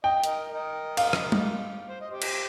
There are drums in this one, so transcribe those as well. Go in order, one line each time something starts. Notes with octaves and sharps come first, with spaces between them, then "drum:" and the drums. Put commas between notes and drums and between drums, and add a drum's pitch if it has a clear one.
D#5 G5
A#4 D#5, drum: hi-hat
A#4 D#5
F5, drum: cymbal
drum: rim click
drum: tom G3
C5
D#5
G4 C5
drum: cymbal